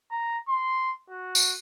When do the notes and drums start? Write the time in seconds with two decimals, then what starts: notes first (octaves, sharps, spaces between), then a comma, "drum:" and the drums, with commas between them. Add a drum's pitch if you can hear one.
0.11 A#5
0.48 C6
1.09 F#4
1.35 drum: tambourine